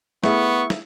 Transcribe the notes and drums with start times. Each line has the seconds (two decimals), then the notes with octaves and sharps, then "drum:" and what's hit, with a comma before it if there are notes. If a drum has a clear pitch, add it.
0.24 A3 B3 E4 G#4 C#6, drum: snare
0.70 drum: snare